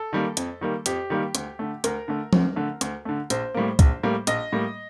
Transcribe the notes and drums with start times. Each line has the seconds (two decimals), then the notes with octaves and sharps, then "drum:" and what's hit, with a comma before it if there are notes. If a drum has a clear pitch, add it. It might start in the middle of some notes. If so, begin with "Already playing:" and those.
Already playing: A4
0.13 D#3 G3 A#3
0.37 F2, drum: hi-hat
0.61 D#3 G3 A#3
0.86 F2 G4, drum: hi-hat
1.10 D#3 G3 A#3
1.35 D2, drum: hi-hat
1.59 D3 A3
1.84 D2 A#4, drum: hi-hat
2.08 D3 A3
2.33 D2, drum: tom
2.56 D3 A3
2.81 D2, drum: hi-hat
3.05 D3 A3
3.30 A#1 C5, drum: hi-hat
3.54 A2 G3 A#3
3.79 A#1, drum: kick, hi-hat
4.03 A2 G3 A#3
4.27 A#1 D#5, drum: hi-hat
4.52 A2 G3 A#3